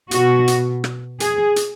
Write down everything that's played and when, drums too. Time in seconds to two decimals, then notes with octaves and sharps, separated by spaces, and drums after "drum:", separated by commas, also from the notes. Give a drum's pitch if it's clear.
0.11 B2 F#4, drum: hi-hat
0.48 drum: hi-hat
0.84 drum: rim click
1.20 G#4, drum: hi-hat
1.56 drum: hi-hat